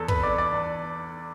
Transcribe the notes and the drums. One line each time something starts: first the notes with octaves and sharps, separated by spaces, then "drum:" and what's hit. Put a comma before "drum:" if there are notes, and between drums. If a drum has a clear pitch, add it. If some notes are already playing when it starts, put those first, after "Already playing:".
Already playing: E2 A4
B4, drum: kick
E2 D5
D5
E2